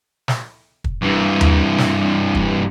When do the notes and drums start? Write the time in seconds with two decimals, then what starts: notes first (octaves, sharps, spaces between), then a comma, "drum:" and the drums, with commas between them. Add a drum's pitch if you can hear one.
0.28 drum: snare
0.84 drum: kick
1.03 G2 E3
1.41 drum: tom D#2
1.78 drum: snare
2.35 drum: kick